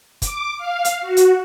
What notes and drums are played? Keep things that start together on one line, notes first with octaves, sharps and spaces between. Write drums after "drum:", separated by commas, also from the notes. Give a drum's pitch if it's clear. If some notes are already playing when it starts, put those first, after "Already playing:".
D6, drum: kick, hi-hat
F5
drum: hi-hat
F#4
drum: hi-hat